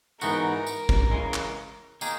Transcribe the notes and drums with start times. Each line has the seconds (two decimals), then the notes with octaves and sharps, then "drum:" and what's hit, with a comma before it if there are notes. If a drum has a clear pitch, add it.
0.21 G#2 E3 B3 D#4 F#4 A#4, drum: tambourine
0.67 drum: tambourine
0.89 drum: kick
1.11 C#3 E3 G#3
1.34 drum: clap
2.01 D#3 A#3 D#4 G#4, drum: tambourine